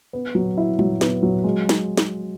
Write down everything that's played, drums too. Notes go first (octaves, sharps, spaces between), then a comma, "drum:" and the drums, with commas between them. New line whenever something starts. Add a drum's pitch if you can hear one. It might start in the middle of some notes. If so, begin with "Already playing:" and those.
B3
F#3
E4
F#3, drum: tom G3
B3, drum: snare
F#3
G#3
drum: snare
drum: snare